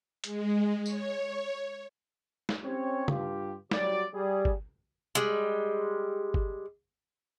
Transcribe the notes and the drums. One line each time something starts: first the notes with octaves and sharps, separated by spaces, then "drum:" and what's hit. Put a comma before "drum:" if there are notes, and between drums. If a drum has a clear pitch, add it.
G#3, drum: hi-hat
C#5, drum: tambourine
drum: snare
C4 C#4 G4 C#5
G2 F4 G4, drum: tom
F#3 G3 D5, drum: snare
G3 G#4
drum: kick G1
G3 G#3
drum: kick G1